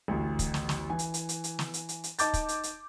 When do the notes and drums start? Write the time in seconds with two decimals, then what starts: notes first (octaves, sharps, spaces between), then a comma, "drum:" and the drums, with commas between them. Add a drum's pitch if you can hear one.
0.08 A1 D2
0.39 drum: kick, hi-hat
0.54 drum: snare
0.69 drum: snare
0.90 E3 G#5
0.99 drum: hi-hat
1.14 drum: hi-hat
1.29 drum: hi-hat
1.44 drum: hi-hat
1.59 drum: snare
1.74 drum: hi-hat
1.89 drum: hi-hat
2.04 drum: hi-hat
2.19 D#4 A5 D6 G6 A6, drum: hi-hat
2.34 drum: kick, hi-hat
2.48 drum: hi-hat
2.63 drum: hi-hat